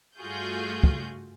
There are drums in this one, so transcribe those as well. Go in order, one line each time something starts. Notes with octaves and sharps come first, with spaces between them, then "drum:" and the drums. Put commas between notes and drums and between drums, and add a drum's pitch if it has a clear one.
G2 A3 F4 F#4 G#4 G6
drum: kick